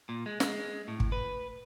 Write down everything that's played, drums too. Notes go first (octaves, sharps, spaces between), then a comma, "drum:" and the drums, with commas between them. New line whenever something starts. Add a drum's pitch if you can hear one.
A#2
G#3
G#3, drum: snare
A2
drum: kick
B4